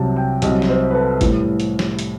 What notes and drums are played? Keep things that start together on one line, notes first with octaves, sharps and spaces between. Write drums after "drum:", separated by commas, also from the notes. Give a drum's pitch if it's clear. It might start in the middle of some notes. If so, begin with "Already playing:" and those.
Already playing: C2 C3 F#3 A5
G5
C2 C3 F#3 D#5, drum: hi-hat
D#5, drum: snare
C5
B4
A4
A2 E3 G3, drum: kick, hi-hat
drum: hi-hat
drum: snare
drum: hi-hat